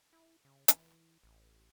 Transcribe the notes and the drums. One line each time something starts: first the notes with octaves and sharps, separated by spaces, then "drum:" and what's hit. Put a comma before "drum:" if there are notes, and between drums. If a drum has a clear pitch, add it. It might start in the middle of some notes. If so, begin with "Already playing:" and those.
E4
C#3
E3, drum: hi-hat
A1